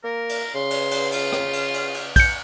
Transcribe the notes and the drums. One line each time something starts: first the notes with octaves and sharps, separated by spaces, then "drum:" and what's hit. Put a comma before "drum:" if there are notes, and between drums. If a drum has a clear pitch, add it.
A#3 A#4
drum: cymbal
C#3 C6
drum: cymbal
drum: cymbal
F4, drum: cymbal
drum: rim click
drum: cymbal
drum: cymbal
drum: cymbal
G6 C#7, drum: kick, cymbal